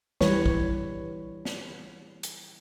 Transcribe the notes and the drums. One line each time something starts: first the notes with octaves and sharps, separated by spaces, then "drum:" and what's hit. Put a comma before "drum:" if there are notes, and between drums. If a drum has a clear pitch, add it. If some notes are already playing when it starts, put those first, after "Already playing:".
E3 G3 B4 C#5, drum: snare
drum: kick
drum: snare
drum: hi-hat